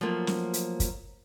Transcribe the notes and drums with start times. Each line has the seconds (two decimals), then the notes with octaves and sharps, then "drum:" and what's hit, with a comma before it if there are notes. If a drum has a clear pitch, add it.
0.01 F3 F#3 A3 A#3 F4
0.27 drum: snare
0.54 drum: hi-hat
0.80 drum: kick, hi-hat